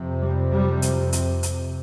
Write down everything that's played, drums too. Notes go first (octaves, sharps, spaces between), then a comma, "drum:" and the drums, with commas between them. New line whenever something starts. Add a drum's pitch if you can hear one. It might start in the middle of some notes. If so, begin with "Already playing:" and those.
Already playing: F2 C3
G3
G3
drum: hi-hat
drum: hi-hat
drum: hi-hat